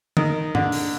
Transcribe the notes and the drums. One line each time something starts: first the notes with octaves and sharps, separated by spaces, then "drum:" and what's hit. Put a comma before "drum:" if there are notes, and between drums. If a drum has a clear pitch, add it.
D#3, drum: tom
D3, drum: tom G#2
drum: open hi-hat